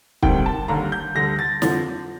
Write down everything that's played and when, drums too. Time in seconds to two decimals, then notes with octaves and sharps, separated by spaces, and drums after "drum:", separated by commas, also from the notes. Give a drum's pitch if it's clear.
0.22 D2 C3 D#3 G3 G5, drum: kick
0.46 A5
0.68 D#2 D3 G3 A#5
0.92 G6
1.15 D2 D3 G3 A#6
1.39 A6
1.62 F2 D3 F3, drum: snare